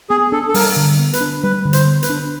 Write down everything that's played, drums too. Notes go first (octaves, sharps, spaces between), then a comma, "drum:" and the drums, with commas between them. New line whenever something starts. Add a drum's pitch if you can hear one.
B3 G#4
D4 A4
A4
G3 A#4, drum: open hi-hat
D3
B3
B4, drum: hi-hat
D4
G3 B4
D3
C5, drum: hi-hat
B3
B4, drum: hi-hat
D4